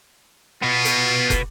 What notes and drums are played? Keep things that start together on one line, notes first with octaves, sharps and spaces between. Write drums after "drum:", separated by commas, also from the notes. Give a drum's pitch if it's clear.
B2 B3 F4
drum: hi-hat
drum: kick, hi-hat